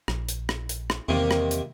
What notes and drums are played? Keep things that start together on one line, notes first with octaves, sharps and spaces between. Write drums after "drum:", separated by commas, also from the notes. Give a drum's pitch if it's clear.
A#1, drum: rim click
drum: hi-hat
drum: rim click
drum: hi-hat
drum: rim click
E2 C3 D#3 A#3
drum: rim click
drum: hi-hat